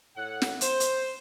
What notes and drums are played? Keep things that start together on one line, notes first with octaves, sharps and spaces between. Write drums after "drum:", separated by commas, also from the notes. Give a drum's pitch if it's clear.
A2 F#5
drum: snare
C5, drum: hi-hat
drum: hi-hat